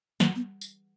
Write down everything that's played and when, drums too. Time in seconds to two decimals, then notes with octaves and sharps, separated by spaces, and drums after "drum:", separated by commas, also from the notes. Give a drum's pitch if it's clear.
0.20 F#3 A#3, drum: snare
0.36 B3
0.61 drum: tambourine